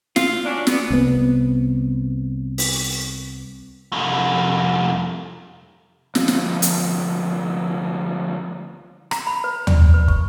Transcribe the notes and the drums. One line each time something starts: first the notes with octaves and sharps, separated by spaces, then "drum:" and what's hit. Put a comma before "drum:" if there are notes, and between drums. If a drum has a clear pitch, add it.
F4, drum: snare
F#3 C#4 D4
B3, drum: snare
C2 B3
drum: open hi-hat
C2 F2
D2 F3, drum: snare
drum: snare
drum: hi-hat
A#5, drum: rim click
B5
B4
D5, drum: tom D#2
B4
C#6, drum: kick